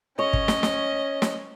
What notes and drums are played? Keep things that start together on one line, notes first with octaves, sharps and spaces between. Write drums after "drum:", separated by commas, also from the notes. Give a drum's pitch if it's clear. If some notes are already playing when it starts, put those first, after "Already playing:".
C#4 C#5 D#5
drum: kick
drum: snare
drum: snare
drum: snare